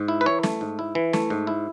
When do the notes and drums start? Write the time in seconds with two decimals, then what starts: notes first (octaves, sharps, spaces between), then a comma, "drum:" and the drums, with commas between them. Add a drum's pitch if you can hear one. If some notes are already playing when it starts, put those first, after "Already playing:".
Already playing: G#2
0.08 E4
0.21 B4
0.26 E3 C#5
0.43 A3, drum: snare
0.61 G#2
0.79 E4
0.95 E3
1.13 A3, drum: snare
1.30 G#2
1.47 E4